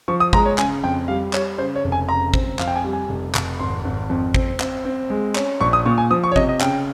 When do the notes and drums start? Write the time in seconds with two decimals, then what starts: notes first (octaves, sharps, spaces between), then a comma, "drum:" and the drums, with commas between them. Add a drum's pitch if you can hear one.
0.08 F3 C#6
0.20 D#6
0.33 G#3 A#5, drum: kick
0.45 C#5
0.58 C#3 G#5, drum: clap
0.84 F2 G5
1.08 G3 F5
1.33 G3 C#5, drum: clap
1.58 C#3 C5
1.75 C#5
1.84 F1
1.92 G#5
2.09 C#3 A#5
2.34 C4, drum: kick
2.59 F2 F5, drum: clap
2.68 G5
2.76 G#5
2.84 G3
2.93 G#5
3.09 F1
3.35 F1, drum: clap
3.60 G#1 C6
3.85 G#1
4.10 F2
4.34 C4, drum: kick
4.60 C4, drum: clap
4.85 C4
5.10 G#3
5.35 C#4, drum: clap
5.61 A#1 C#6
5.73 D#6
5.86 A#2 C#6
5.98 G#5
6.11 F3 D#6
6.24 C#6
6.32 C#5
6.36 C3 D#5, drum: kick
6.49 D#5
6.61 C#3 G5, drum: clap